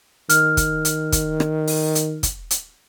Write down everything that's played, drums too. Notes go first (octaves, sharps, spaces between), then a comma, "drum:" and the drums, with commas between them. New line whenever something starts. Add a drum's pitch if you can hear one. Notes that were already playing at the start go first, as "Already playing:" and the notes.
D#3 F6, drum: hi-hat
drum: kick, hi-hat
drum: hi-hat
drum: kick, hi-hat
drum: rim click
drum: open hi-hat
drum: hi-hat
drum: kick, hi-hat
drum: hi-hat